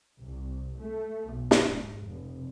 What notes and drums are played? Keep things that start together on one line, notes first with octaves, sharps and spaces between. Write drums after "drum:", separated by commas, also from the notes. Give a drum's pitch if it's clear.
C2
A3
B1
drum: snare
G#2
F1